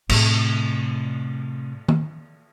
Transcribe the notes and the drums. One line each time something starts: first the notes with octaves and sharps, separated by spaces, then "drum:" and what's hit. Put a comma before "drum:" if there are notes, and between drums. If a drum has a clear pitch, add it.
A2 C3, drum: cymbal
drum: tom